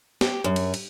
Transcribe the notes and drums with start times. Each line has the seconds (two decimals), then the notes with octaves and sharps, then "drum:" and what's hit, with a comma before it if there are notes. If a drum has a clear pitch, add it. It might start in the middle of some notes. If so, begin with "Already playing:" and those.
0.21 G4, drum: snare
0.44 F#2
0.56 drum: cymbal
0.74 drum: cymbal